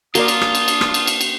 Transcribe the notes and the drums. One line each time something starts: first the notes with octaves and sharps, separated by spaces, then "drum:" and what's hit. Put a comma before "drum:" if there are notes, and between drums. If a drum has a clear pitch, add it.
A#3 D4 F4 F#4 A#4 D5 D#6, drum: cymbal
drum: cymbal
drum: rim click
drum: cymbal
drum: cymbal
drum: rim click
drum: cymbal
drum: cymbal
drum: cymbal